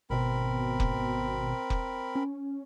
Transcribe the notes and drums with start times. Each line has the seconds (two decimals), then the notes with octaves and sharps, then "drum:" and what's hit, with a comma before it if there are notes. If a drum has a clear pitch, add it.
0.10 G#1 B2 C4 A#4 B5
0.80 drum: kick
1.70 drum: kick
2.16 C#4